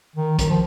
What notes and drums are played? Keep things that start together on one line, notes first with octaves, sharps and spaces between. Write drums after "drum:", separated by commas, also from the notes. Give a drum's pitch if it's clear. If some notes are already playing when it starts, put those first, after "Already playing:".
D#3
D#3, drum: kick, hi-hat
F3